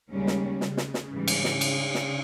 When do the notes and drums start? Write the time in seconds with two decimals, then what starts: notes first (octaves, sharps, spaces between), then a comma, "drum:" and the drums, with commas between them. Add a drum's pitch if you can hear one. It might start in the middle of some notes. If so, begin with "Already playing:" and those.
0.10 D#2 C#3 G3 G#3 C#4
0.27 drum: snare
0.61 C#3, drum: snare
0.77 drum: snare
0.94 drum: snare
1.11 G#2 E3 G3
1.28 drum: cymbal
1.44 drum: snare
1.61 drum: cymbal
1.94 drum: snare